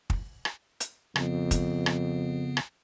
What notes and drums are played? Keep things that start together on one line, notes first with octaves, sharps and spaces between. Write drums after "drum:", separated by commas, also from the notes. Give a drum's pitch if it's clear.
drum: kick
drum: rim click
drum: hi-hat
F2 C#3 B3, drum: rim click
drum: kick, hi-hat
drum: rim click
drum: rim click